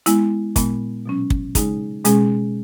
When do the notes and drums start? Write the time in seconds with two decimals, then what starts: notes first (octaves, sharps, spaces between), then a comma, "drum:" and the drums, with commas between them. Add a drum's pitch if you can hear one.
0.06 G#3 B3 E4, drum: hi-hat
0.56 A#2 G#3 B3, drum: kick, hi-hat
1.06 B2 F#3 C#4
1.30 drum: kick
1.55 C#3 G#3 D#4 G#4, drum: kick, hi-hat
2.05 B2 G#3 C#4 G#4, drum: hi-hat